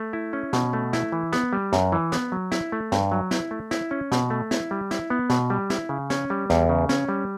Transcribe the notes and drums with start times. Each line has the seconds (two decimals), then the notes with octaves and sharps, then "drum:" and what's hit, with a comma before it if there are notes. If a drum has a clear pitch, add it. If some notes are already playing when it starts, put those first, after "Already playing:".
Already playing: A3
0.13 E4
0.33 C#4
0.53 B2, drum: snare
0.73 A3
0.93 E4, drum: snare
1.12 E3
1.33 B3, drum: snare
1.53 G3
1.73 F#2, drum: snare
1.92 E3
2.12 B3, drum: snare
2.32 F#3
2.52 E4, drum: snare
2.72 A3
2.92 G2, drum: snare
3.12 F#3
3.31 E4, drum: snare
3.51 A3
3.71 E4, drum: snare
3.91 C#4
4.12 B2, drum: snare
4.30 A3
4.51 E4, drum: snare
4.71 G3
4.91 E4, drum: snare
5.10 B3
5.30 B2, drum: snare
5.50 G3
5.70 E4, drum: snare
5.89 C#3
6.10 C#4, drum: snare
6.30 G3
6.50 E2, drum: snare
6.69 C#3
6.89 C#4, drum: snare
7.09 G3